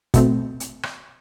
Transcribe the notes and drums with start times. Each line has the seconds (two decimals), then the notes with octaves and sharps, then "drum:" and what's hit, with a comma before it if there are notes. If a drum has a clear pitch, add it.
0.14 B2 A3 C4, drum: kick, hi-hat
0.60 drum: hi-hat
0.83 drum: rim click